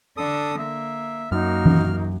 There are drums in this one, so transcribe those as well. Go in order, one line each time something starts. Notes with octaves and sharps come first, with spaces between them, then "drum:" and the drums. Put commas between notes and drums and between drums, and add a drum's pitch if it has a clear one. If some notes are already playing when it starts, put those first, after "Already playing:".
D3 D4 A4 D#6
A#3 E5
F#2 A#3 D#4 F#4 F6
drum: tom E3